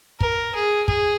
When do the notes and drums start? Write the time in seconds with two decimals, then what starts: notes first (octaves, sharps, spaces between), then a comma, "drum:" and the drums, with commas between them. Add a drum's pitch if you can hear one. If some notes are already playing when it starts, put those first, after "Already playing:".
0.21 A#4, drum: kick
0.55 G#4
0.88 G#4, drum: kick